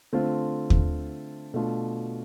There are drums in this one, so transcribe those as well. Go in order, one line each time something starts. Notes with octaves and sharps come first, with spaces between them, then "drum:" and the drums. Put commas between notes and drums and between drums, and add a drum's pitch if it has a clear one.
D3 A3 C4 F4
drum: kick
B2 A3 D4 F4